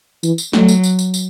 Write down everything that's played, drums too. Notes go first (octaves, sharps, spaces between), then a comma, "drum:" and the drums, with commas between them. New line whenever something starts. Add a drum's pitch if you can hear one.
E3, drum: tambourine
drum: tambourine
F#3 A3, drum: snare
drum: tambourine
drum: tambourine
drum: tambourine
drum: tambourine